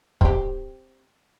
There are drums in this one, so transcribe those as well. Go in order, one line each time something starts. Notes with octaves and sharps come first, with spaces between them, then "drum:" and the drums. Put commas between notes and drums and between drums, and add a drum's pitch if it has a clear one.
C4 G4, drum: kick